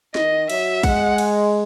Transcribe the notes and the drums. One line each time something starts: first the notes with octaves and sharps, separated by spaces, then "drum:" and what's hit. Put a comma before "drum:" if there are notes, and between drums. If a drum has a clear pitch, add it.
D#3 D#5, drum: snare
F#3 E5, drum: cymbal
G#3 F#5, drum: kick, cymbal
drum: cymbal